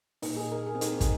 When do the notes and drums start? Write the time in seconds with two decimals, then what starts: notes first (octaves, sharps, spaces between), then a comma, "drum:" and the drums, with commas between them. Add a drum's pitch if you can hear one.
0.22 A#2 A#3 D#4, drum: open hi-hat
0.37 G#4
0.52 A#4
0.67 G#4
0.75 C4
0.81 D#4, drum: hi-hat
1.01 drum: kick, hi-hat